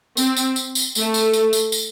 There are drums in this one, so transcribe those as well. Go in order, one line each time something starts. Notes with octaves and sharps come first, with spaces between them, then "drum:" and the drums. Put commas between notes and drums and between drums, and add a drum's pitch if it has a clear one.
C4, drum: tambourine
drum: tambourine
drum: tambourine
drum: tambourine
A3, drum: tambourine
drum: tambourine
drum: tambourine
drum: tambourine
drum: tambourine